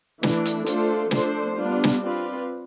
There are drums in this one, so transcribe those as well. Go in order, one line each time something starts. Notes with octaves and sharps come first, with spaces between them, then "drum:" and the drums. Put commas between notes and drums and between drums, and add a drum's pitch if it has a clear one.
E3 A3 D4, drum: snare
drum: hi-hat
A3 D4 F4 A4 C5, drum: hi-hat
F3 A3 D4 A4 C5, drum: snare
G3 B3 D4 F4
drum: snare
C4 F4 B4 D5